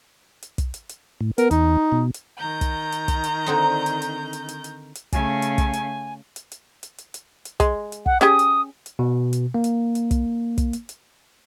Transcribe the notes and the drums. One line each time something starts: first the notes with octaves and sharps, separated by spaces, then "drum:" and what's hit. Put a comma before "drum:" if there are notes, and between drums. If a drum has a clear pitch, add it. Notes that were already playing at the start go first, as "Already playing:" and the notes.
drum: hi-hat
drum: kick, hi-hat
drum: hi-hat
drum: hi-hat
A2
B3 A#4, drum: hi-hat
E2 D#4, drum: hi-hat
B2
drum: hi-hat
D#3 A#5 G6
drum: kick, hi-hat
drum: hi-hat
drum: kick, hi-hat
drum: hi-hat
D3 C4 D#4
drum: hi-hat
drum: hi-hat
drum: hi-hat
drum: hi-hat
drum: hi-hat
drum: hi-hat
C#3 A3 G#5, drum: kick, hi-hat
drum: hi-hat
drum: kick, hi-hat
drum: hi-hat
drum: hi-hat
drum: hi-hat
drum: hi-hat
drum: hi-hat
drum: hi-hat
drum: hi-hat
G#3, drum: kick, hi-hat
drum: hi-hat
F#5, drum: kick
C#4 G4 G#4 D#6, drum: hi-hat
drum: hi-hat
drum: hi-hat
B2
drum: hi-hat
A#3
drum: hi-hat
drum: hi-hat
drum: kick, hi-hat
drum: kick, hi-hat
drum: hi-hat
drum: hi-hat